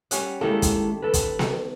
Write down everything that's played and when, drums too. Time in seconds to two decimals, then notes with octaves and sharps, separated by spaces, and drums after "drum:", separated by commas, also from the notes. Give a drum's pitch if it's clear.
0.11 G3 C#4 F#5, drum: hi-hat
0.41 D#3 G3 G#3 A#3 E4 A4
0.62 drum: kick, hi-hat
1.02 A4 B4
1.14 drum: kick, hi-hat
1.39 drum: snare B3